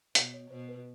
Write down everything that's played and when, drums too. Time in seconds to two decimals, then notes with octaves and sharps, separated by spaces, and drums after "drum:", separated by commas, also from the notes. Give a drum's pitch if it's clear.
0.15 B2 C#5, drum: hi-hat
0.34 C#5
0.51 B2 C5
0.69 B4